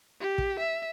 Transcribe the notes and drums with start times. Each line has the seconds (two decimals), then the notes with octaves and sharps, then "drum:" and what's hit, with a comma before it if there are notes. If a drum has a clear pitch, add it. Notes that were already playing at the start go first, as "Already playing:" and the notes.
0.20 G4
0.38 drum: kick
0.60 E5